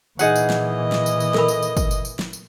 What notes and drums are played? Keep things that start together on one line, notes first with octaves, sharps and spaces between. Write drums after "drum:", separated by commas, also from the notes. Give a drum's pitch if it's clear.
A#2 E3 D#4 G#4 F#5, drum: tambourine
drum: tambourine
drum: snare
D#5
drum: snare
drum: tambourine
drum: tambourine
A4 A#4 B5, drum: snare
drum: tambourine
drum: tambourine
drum: kick, tambourine
drum: tambourine
drum: tambourine
drum: snare
drum: tambourine